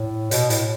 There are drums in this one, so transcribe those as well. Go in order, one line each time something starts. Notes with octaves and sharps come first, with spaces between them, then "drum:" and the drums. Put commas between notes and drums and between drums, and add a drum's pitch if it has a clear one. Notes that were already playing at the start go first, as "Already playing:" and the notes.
Already playing: A2
B2, drum: hi-hat
A2, drum: hi-hat